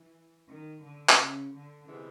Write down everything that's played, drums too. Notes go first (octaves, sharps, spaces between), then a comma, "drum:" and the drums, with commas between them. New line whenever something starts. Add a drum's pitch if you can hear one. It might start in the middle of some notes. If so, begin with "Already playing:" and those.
Already playing: E3
D#3
D3
drum: clap
C#3
D3
C3 E3 G#3 B3